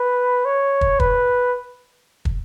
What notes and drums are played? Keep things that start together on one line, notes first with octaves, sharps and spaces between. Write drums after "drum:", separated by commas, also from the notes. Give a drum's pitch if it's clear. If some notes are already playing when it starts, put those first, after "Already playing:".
Already playing: B4
C#5
drum: kick
B4, drum: kick
drum: kick